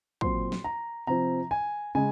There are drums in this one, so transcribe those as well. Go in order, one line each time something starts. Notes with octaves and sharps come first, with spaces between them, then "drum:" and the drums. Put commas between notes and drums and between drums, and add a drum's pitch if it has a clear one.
A#2 F#3 C4 C6, drum: kick
drum: snare
A#5
C3 F3 C4 A#5
G#5
C#3 G#3 G#5